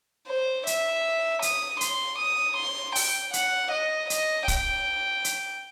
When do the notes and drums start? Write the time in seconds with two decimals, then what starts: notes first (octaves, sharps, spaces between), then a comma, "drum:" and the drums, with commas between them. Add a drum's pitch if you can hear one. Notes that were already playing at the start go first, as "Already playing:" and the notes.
0.28 C5
0.67 E5, drum: hi-hat
1.42 D#6, drum: hi-hat
1.81 C6, drum: hi-hat
2.19 D#6
2.57 C6
2.95 G5, drum: open hi-hat
3.33 F#5, drum: hi-hat
3.72 D#5
4.10 D#5, drum: hi-hat
4.48 G5, drum: kick, hi-hat
5.24 drum: hi-hat